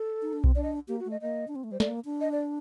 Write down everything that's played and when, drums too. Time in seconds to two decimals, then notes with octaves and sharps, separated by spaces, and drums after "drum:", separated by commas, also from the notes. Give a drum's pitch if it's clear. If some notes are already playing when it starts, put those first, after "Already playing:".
Already playing: A4
0.22 D#4
0.33 D4
0.44 C4, drum: kick B1
0.55 D4 D5
0.63 D#5
0.88 A#3 G4
1.00 F#4
1.05 A3
1.11 D#5
1.21 A#3 D#5
1.48 D4
1.56 C4
1.64 A3
1.71 G3 C5
1.80 A3 D5, drum: snare
1.88 A#3
2.05 D4
2.21 D#5
2.32 D5